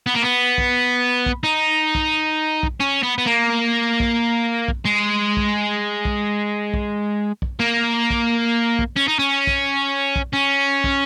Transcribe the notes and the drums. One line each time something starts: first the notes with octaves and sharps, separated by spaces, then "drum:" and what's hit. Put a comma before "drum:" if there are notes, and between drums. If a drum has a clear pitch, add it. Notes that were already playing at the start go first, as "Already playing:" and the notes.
B3
A#3
B3
drum: kick
drum: kick
D#4
drum: kick
drum: kick
C#4
B3
B3
A#3
drum: kick
drum: kick
G#3
drum: kick
drum: kick
drum: kick
drum: kick
A#3
drum: kick
drum: kick
C#4
D#4
C#4
drum: kick
drum: kick
C#4
drum: kick